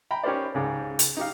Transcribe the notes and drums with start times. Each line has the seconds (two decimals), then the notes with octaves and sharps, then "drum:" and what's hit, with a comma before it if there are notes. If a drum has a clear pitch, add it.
0.11 G5 A#5 B5
0.23 C#4 D#4 G4 A#4 C5 D5
0.54 C#2 G#2 D6
0.99 drum: hi-hat
1.17 D#4 G4 F5